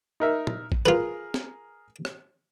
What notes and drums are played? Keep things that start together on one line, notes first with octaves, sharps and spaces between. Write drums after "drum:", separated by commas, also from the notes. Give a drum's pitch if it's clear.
D#4 A#4 E5
drum: tom
drum: kick
F4 G#4 A#4 B4
drum: snare
drum: rim click